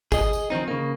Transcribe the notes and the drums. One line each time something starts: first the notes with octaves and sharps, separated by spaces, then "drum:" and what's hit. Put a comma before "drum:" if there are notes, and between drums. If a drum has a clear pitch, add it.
G#4 D#5, drum: kick G1, tambourine
drum: tambourine
D#3 F3 C4 D#4
C#3 A#3